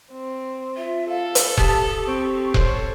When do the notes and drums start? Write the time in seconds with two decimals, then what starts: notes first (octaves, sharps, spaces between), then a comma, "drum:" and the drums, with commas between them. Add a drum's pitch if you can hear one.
0.12 C4
0.77 F4 E5
1.09 A4 F5
1.35 drum: hi-hat
1.57 G4 A5 D#6, drum: kick E1
2.08 C4 C#6
2.54 A4 C5 C#5, drum: kick E1